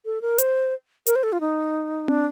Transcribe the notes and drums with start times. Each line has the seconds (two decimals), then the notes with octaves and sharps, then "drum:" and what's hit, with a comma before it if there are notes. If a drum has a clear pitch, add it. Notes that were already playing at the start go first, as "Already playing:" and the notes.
0.05 A4
0.22 A#4
0.38 C5, drum: hi-hat
1.06 A#4, drum: hi-hat
1.16 C5
1.23 A4
1.32 F4
1.40 D#4
2.08 D4, drum: tom C4